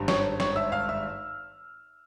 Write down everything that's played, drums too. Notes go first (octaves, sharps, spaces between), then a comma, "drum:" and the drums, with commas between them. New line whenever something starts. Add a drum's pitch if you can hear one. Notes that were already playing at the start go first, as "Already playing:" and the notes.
Already playing: G#1 G2 G3
C#5 C#6, drum: snare
C#5 C#6, drum: snare
E5 E6
F5 F6
E5 E6